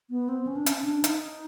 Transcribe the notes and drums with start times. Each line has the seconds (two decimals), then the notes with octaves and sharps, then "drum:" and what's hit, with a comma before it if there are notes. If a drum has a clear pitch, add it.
0.10 B3
0.29 C4
0.47 C#4
0.56 D4
0.66 C#4, drum: hi-hat
0.78 C#4
0.84 D4
1.04 D#4, drum: hi-hat